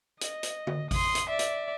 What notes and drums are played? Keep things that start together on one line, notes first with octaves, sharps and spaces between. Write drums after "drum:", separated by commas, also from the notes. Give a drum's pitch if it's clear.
D#5, drum: hi-hat
drum: hi-hat
drum: tom
C6 D#6, drum: kick A1, open hi-hat
drum: hi-hat
D5 E5
drum: hi-hat